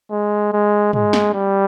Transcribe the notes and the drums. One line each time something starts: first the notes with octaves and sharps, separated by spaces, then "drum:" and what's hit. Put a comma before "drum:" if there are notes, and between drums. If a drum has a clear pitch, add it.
G#3
G#3
G#3, drum: tom
drum: snare
G3